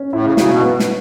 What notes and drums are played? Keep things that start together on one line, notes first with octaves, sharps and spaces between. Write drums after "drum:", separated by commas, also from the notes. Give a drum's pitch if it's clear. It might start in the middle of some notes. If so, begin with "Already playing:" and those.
Already playing: C#4
A2 E4
C#3
C#3 F#3, drum: snare
B2
B3
drum: snare